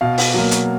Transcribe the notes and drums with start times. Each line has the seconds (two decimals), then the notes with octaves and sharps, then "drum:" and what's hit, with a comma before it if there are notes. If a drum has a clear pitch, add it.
0.01 B2 F5
0.18 drum: open hi-hat
0.34 F#3 A#3
0.51 drum: hi-hat